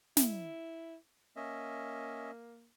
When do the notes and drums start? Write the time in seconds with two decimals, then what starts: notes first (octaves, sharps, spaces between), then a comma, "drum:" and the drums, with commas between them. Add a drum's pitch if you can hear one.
0.17 E4, drum: snare
1.36 A#3 C#4 D#5 E5